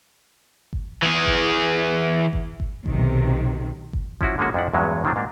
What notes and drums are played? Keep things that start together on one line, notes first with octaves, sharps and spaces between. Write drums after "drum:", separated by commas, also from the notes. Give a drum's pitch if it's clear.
drum: kick G1
E3 G#4
drum: kick G1
drum: kick G1
drum: kick G1
B1 C3 D#3, drum: kick G1
drum: kick G1
F3 C#4 E4 F#4, drum: kick G1
D3 G#3 A#3 C#4 F#4
F2 F3 D4 E4 F#5
E2 G2 F#3 G#3 C#4
D3 D#3 F3 F#3 C4 D4
G#2 A#3 D4